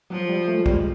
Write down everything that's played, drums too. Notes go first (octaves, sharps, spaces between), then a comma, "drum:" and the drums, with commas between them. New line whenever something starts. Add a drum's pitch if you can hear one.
F3 F#3
G3
A3
G#3
G3, drum: kick
G#3